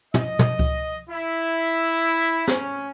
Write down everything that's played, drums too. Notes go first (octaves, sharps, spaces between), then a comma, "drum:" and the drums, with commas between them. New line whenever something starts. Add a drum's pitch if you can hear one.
D#5, drum: tom
drum: tom
drum: kick C#2
E4
C#4, drum: snare